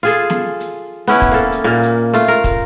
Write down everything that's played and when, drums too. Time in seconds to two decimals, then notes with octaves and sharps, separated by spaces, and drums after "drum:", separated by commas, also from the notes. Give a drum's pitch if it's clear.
0.03 F4 G#4 A4
0.30 drum: snare
0.60 drum: hi-hat
1.07 B3 C#4 E4
1.22 drum: kick, hi-hat
1.32 A#3 A4
1.52 drum: hi-hat
1.64 A#2 A#3
1.83 drum: hi-hat
2.14 A3 F4, drum: hi-hat
2.28 A#4
2.44 drum: kick, hi-hat